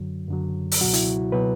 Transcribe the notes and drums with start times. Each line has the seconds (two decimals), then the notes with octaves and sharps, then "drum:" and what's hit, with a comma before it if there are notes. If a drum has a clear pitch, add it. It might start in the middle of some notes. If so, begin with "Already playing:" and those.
Already playing: F#2 D3 F#3
0.28 F#2 D3 F#3
0.72 drum: open hi-hat
0.81 C#2 B2 F#3 F#4
0.93 E4, drum: hi-hat
1.32 B2 F#3 B4